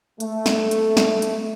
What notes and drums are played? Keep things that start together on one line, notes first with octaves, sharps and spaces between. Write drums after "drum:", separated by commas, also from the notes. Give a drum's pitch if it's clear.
A3, drum: hi-hat
drum: snare
drum: hi-hat
drum: snare
drum: hi-hat